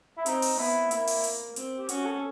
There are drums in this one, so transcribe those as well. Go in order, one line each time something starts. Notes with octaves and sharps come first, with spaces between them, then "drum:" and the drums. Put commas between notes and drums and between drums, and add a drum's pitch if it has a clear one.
E4
C4 D#4, drum: hi-hat
drum: open hi-hat
B3 E4
A#3 E4, drum: hi-hat
drum: open hi-hat
drum: hi-hat
C4, drum: hi-hat
G4
C#4 F#4, drum: hi-hat
A4